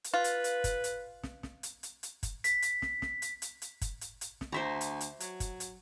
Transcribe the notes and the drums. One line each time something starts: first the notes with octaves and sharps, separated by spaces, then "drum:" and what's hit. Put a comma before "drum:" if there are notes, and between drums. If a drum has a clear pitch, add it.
drum: hi-hat
F4 B4
drum: hi-hat
drum: hi-hat
drum: kick F#1, hi-hat
drum: hi-hat
drum: snare
drum: snare
drum: hi-hat
drum: hi-hat
drum: hi-hat
drum: kick F#1, hi-hat
B6, drum: hi-hat
drum: hi-hat
drum: snare
drum: snare
drum: hi-hat
drum: hi-hat
drum: hi-hat
drum: kick F#1, hi-hat
drum: hi-hat
drum: hi-hat
drum: snare
D2 C5 E5 A#5
drum: hi-hat
drum: hi-hat
F#3, drum: hi-hat
drum: kick F#1, hi-hat
drum: hi-hat